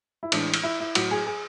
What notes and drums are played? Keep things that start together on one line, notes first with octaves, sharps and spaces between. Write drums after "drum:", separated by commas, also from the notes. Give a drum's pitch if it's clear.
E4
A2 E3 G#3 D4, drum: cymbal
drum: cymbal
E4
E4
A2 F#3 F#4, drum: cymbal
G#4
G#4